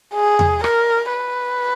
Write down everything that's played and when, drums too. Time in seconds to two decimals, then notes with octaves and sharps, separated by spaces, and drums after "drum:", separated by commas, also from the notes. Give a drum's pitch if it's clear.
0.14 G#4
0.39 drum: tom E2
0.64 A#4, drum: rim click
1.13 B4